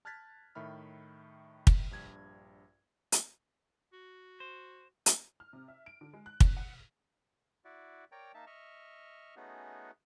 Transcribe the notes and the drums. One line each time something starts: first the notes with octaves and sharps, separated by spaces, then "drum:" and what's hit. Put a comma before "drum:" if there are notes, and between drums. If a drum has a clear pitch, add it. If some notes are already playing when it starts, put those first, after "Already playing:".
A5 F6 F#6 G#6 A6 B6
A2 D#3 E5 B5 F6
drum: kick
A#1 G2 G#6
drum: hi-hat
F#4
C5
drum: hi-hat
F6
C3
E5
D7
D3
G#3
F#6
C#4, drum: kick
F#5
E4 F#4 D5
A#4 C#5 D5 G5 A#5
A#3 D#4 E5 A5
D#5 E5 C#6 F6
A3 B3 C#4 D#4 F#4 G#4